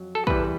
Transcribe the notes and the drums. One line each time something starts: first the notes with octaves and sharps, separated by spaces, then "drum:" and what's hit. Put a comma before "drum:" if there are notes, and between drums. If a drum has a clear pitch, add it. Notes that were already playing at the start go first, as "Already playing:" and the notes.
Already playing: F2 F#3
A4
E2 C3 E3 G3 B4, drum: kick